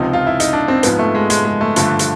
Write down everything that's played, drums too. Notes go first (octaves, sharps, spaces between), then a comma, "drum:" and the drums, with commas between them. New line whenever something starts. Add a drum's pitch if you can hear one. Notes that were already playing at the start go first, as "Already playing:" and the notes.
Already playing: C#2 C3 F3 D#4
F4
E4
D#4, drum: hi-hat
D4
C4
G#2 F3 B3, drum: hi-hat
A3
G#3
G#3, drum: hi-hat
G#3
A3
G2 D3 F3 A3, drum: hi-hat
drum: hi-hat